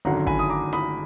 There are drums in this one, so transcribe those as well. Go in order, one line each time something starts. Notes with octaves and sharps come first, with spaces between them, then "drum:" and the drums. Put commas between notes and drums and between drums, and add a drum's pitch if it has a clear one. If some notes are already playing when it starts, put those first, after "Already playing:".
G#1 F#2 D3 F#3 F#5 A#5
G#5 B5, drum: kick
D#6
A#5 D6
B5 D#6, drum: snare F4